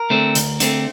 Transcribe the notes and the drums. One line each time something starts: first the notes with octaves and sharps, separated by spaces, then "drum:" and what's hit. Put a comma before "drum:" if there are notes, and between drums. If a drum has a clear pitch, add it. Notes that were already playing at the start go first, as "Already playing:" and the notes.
Already playing: A#4
D3 A3 C4
D2, drum: hi-hat
D3 A3 C4, drum: hi-hat